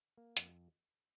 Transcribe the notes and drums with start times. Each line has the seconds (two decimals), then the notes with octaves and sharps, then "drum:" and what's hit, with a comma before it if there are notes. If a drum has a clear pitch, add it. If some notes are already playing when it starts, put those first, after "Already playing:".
0.18 A#3
0.37 F2, drum: hi-hat